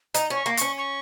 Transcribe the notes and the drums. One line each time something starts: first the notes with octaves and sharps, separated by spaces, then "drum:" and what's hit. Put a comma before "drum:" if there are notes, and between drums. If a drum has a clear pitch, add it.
D#4 A#5, drum: hi-hat
C#4 C#6
A#3
C#4 C#6, drum: hi-hat
C#6